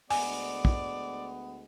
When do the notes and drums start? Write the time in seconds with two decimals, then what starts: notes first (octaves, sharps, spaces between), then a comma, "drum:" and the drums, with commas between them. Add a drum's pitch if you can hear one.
0.10 D2 G#3 B3 D5 G#5, drum: open hi-hat
0.65 drum: kick